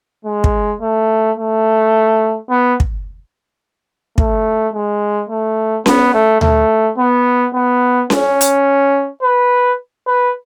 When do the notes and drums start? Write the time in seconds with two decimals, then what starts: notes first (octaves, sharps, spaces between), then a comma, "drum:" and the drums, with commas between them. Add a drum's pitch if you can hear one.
0.25 G#3
0.44 drum: kick
0.81 A3
1.38 A3
2.49 B3
2.80 drum: kick
4.18 A3, drum: kick
4.74 G#3
5.29 A3
5.86 B3, drum: snare C#4
6.14 A3
6.41 A3, drum: tom D2
6.98 B3
7.54 B3
8.10 C#4, drum: snare C#4
8.41 drum: hi-hat
9.22 B4
10.06 B4